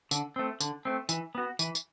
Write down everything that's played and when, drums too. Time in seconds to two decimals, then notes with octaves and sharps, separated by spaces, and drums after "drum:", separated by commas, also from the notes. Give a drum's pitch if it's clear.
0.11 D3, drum: tambourine
0.36 A3 C4
0.60 D3, drum: tambourine
0.85 A3 C4
1.09 E3, drum: tambourine
1.35 B3 F#4
1.59 E3, drum: tambourine
1.75 drum: tambourine